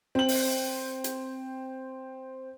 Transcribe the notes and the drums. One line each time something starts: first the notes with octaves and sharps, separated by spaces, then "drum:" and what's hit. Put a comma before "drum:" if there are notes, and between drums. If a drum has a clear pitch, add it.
C4 F#7
drum: open hi-hat
drum: hi-hat